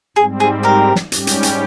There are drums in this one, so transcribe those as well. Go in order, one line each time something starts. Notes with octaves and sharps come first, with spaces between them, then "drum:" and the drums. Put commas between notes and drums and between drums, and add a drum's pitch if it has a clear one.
G#2 G3 C4 G#4
G#4
G4 A#4
drum: snare
G#2 G3 C#4 G4, drum: hi-hat
drum: hi-hat
drum: hi-hat